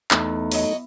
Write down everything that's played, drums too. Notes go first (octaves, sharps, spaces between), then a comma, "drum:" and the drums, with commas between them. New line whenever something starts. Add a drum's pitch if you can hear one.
E2 A3 D#4, drum: clap
F#3 D#5, drum: open hi-hat